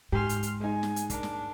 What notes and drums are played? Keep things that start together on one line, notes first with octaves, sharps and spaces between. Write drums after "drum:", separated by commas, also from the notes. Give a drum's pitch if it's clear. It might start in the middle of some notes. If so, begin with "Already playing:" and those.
G#2 G4 G#5 C6 F6
drum: hi-hat
drum: hi-hat
G#3 D#4 G#5
drum: snare
drum: hi-hat
D4 A#4, drum: kick, hi-hat
drum: snare